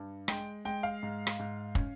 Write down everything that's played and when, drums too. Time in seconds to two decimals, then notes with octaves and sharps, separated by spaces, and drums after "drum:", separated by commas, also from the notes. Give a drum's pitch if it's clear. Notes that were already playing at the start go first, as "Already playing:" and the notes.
Already playing: G2
0.28 G#3 G5, drum: rim click
0.65 G#3 G5
0.83 F5
1.03 G#2
1.27 drum: rim click
1.39 G#2
1.75 C#4, drum: kick